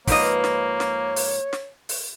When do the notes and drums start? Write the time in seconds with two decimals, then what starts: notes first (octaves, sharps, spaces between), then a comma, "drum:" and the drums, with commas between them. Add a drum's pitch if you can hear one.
0.07 G#2 F3 A#3 B4 C#5 D#5 A5, drum: kick, open hi-hat
0.44 drum: snare
0.80 drum: snare
1.16 drum: open hi-hat
1.53 drum: snare
1.89 drum: open hi-hat